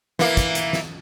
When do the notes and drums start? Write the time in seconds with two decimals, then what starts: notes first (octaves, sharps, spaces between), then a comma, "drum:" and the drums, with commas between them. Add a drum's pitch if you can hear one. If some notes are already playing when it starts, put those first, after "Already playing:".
0.19 E3 A#3, drum: snare
0.37 drum: kick, hi-hat
0.55 drum: hi-hat
0.73 drum: snare